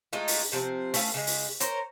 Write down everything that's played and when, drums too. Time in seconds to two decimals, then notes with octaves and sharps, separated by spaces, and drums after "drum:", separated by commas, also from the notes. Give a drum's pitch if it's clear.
0.13 G#3 A3 D#4 F4
0.28 drum: open hi-hat
0.52 C3 F3 A3 C4
0.94 A3 C#4 B4 F5, drum: open hi-hat
1.14 C#3 G#3
1.27 drum: open hi-hat
1.60 A#4 C5 C#5, drum: hi-hat